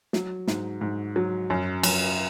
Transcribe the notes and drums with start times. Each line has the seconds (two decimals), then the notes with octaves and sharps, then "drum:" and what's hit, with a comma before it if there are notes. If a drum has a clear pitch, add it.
0.13 F#3, drum: snare
0.48 G#2, drum: snare
0.81 G#2
1.16 F#3
1.50 F#2
1.83 F#2, drum: cymbal